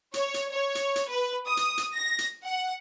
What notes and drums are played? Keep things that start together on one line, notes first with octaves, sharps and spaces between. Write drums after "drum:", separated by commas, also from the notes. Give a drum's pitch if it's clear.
C#5, drum: hi-hat
drum: hi-hat
C#5
drum: hi-hat
drum: hi-hat
B4
D#6
drum: hi-hat
drum: hi-hat
A#6
drum: hi-hat
F#5